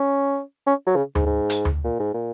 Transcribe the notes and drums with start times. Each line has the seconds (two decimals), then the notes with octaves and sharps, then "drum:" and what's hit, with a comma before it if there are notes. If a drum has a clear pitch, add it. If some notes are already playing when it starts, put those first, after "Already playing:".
Already playing: C#4
0.67 C#4
0.87 F#3
0.96 C#3
1.15 G#2, drum: tom D2
1.26 G#2
1.50 drum: hi-hat
1.65 drum: tom D2
1.84 A#2
2.00 G#2
2.14 A#2